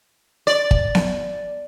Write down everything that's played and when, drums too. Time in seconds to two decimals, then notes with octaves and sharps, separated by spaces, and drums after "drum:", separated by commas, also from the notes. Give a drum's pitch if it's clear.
0.47 D5
0.71 drum: kick G1
0.95 drum: snare B3